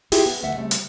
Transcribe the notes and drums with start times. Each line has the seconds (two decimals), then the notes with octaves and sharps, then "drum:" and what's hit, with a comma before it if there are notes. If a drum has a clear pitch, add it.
0.12 E4 F4 G4 G#4, drum: open hi-hat
0.26 B3
0.43 D2 A3 E5 F#5
0.55 C#3 G3 A3 C4
0.71 drum: hi-hat